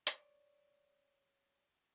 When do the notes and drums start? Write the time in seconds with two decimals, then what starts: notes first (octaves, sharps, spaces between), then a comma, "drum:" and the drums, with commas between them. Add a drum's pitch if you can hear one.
0.07 C#5 D5, drum: hi-hat